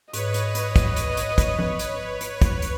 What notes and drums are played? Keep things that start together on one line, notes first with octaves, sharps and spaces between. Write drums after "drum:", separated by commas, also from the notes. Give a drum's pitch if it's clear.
G#2 B4 C#5 D#5, drum: hi-hat
drum: hi-hat
drum: hi-hat
drum: kick, hi-hat
drum: hi-hat
drum: hi-hat
drum: kick, hi-hat
drum: tom F3
drum: hi-hat
drum: hi-hat
drum: kick, hi-hat
drum: hi-hat